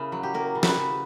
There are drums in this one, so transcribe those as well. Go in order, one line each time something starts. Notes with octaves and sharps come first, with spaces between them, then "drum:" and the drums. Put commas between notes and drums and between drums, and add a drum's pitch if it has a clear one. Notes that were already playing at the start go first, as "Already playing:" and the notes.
Already playing: C#3 A#3 E4
F#3
G4
A#3 A#4
C#3
B4, drum: snare
C#3